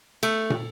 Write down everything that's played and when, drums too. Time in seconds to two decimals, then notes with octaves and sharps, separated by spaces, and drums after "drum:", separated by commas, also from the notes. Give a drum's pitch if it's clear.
0.23 A3, drum: cymbal
0.50 drum: tom